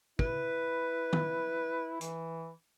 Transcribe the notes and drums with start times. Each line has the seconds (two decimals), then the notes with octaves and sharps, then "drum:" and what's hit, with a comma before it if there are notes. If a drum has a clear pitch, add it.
0.19 E4 B4, drum: kick
1.13 drum: tom
2.01 E3, drum: hi-hat